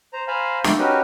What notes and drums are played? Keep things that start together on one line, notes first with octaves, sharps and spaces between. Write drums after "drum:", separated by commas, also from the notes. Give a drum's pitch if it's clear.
C5 A#5
C5 F5 G#5 A#5 B5
A3 A#3 E4 G5, drum: snare
C#4 D#4 F#4 G4 A#4 B4